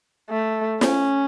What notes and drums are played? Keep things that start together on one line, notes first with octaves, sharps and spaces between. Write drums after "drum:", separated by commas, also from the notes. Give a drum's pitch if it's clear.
A3
C#4, drum: snare